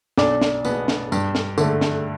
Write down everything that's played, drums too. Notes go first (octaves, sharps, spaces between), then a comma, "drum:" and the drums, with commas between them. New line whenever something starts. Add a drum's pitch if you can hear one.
B1 D4 D5, drum: snare
drum: snare
B2 B3, drum: tambourine
drum: snare
G2, drum: tambourine
drum: snare
D3 A3, drum: tambourine
drum: snare